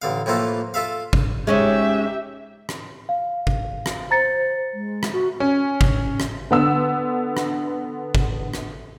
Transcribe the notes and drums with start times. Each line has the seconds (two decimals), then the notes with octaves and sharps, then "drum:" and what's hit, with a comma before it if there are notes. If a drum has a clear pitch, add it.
0.02 A1 D3 F5
0.26 A2 E3 F3 A#3 F4 A4
0.74 F4 A4 E5 F5
1.13 drum: kick G#1
1.47 G#3 C#4 D#4 G4 E5
2.69 drum: rim click
3.09 F5
3.47 drum: kick G#1
3.86 drum: rim click
4.11 C5 A#5 A6 C#7
4.74 G#3
5.03 drum: rim click
5.12 F#4
5.40 C#4
5.81 drum: kick G#1
6.20 drum: rim click
6.51 D3 B3 E6
7.37 drum: rim click
8.15 drum: kick G#1
8.54 drum: rim click